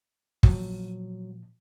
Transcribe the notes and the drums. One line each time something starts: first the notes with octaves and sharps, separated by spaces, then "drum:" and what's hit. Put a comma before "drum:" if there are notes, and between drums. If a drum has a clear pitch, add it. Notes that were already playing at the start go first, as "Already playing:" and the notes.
A#2 F3 F#3, drum: kick